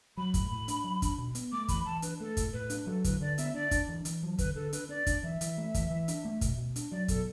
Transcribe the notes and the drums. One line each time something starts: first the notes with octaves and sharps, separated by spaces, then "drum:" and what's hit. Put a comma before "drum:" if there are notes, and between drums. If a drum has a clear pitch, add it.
F#3 B5
A2, drum: kick, hi-hat
A2
D4, drum: hi-hat
F#3
D4, drum: kick, hi-hat
B2
B3, drum: hi-hat
A3 D6
E3 B5, drum: kick, hi-hat
E3 A5
D4 B4, drum: hi-hat
A3 A4
A2, drum: kick, hi-hat
A2 B4
D4, drum: hi-hat
F#3 A4
D3 B4, drum: kick, hi-hat
D3 D5
B3 E5, drum: hi-hat
D4 D5
D4, drum: kick, hi-hat
E3
E3, drum: hi-hat
F#3
D3 B4, drum: kick, hi-hat
D3 A4
D4 B4, drum: hi-hat
D4 D5
D4, drum: kick, hi-hat
E3 E5
E3, drum: hi-hat
A3
E3, drum: kick, hi-hat
E3
D4, drum: hi-hat
A3
B2, drum: kick, hi-hat
B2
D4, drum: hi-hat
F#3 D5
B2 A4, drum: kick, hi-hat